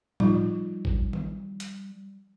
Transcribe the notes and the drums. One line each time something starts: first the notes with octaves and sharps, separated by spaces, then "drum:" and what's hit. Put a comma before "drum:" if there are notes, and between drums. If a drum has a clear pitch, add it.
F3 G3 D#4 F4, drum: tom A2
drum: kick A1
drum: tom D#3
drum: hi-hat